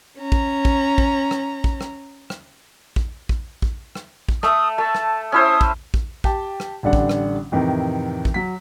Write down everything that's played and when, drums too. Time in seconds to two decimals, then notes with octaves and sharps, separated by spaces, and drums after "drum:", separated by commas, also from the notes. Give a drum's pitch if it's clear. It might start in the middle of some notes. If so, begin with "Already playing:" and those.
0.20 C#4 A#5
0.32 drum: kick
0.65 drum: kick
0.98 drum: kick
1.31 drum: rim click
1.64 drum: kick
1.81 drum: rim click
2.30 drum: rim click
2.96 drum: kick
3.29 drum: kick
3.62 drum: kick
3.95 drum: rim click
4.29 drum: kick
4.43 A3 D#6, drum: rim click
4.78 A3 A5
4.95 drum: rim click
5.32 C#4 E4 C5 D#6
5.61 drum: kick
5.94 drum: kick
6.24 G4 G5 A5, drum: kick
6.60 drum: rim click
6.83 A1 D3 G3 D4 F#5
6.93 drum: kick
7.09 drum: rim click
7.52 F2 A2 C3 D#3 E3
8.25 drum: kick
8.34 F#3 B6